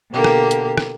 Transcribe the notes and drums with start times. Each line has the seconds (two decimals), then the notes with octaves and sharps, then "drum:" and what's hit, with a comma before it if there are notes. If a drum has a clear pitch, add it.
0.11 B2 D3 A#3 G4
0.24 drum: rim click
0.51 drum: hi-hat
0.78 drum: rim click